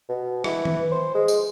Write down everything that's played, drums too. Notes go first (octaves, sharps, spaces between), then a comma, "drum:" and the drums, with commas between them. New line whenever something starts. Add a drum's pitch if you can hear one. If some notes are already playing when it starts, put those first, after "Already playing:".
B2
E3, drum: rim click
drum: tom D#3
C5
G#3
drum: tambourine